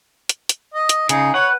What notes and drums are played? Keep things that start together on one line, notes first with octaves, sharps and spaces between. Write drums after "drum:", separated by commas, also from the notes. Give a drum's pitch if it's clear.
drum: hi-hat
drum: hi-hat
D#5
drum: hi-hat
C#3 D#4 G#4, drum: hi-hat
B4 C#5 F#5